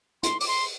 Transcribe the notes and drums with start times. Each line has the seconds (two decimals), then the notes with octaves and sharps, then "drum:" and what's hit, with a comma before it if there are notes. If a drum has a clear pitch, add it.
0.23 C6, drum: hi-hat
0.40 D6, drum: open hi-hat
0.48 C6